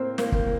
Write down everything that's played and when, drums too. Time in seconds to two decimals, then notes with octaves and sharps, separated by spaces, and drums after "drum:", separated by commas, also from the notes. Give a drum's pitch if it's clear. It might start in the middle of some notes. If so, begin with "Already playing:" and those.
Already playing: A2 A#3 C4 A#4 C5
0.18 A#3 A#4, drum: snare
0.32 drum: kick